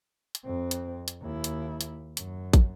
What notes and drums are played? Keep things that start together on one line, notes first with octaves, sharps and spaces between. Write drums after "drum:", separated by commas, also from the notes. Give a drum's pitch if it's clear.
drum: hi-hat
F2 C4
drum: hi-hat
drum: hi-hat
D#2 E4
drum: hi-hat
drum: hi-hat
F#2, drum: hi-hat
drum: kick, hi-hat